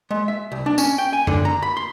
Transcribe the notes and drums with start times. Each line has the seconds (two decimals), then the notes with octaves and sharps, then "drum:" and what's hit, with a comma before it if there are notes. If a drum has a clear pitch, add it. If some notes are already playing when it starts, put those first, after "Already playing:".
0.11 G#3
0.28 E5
0.52 C2
0.66 D4
0.78 C#4, drum: tambourine
0.98 G5
1.13 G#5
1.27 D3, drum: tom F#2
1.45 A#5
1.63 B5
1.77 C6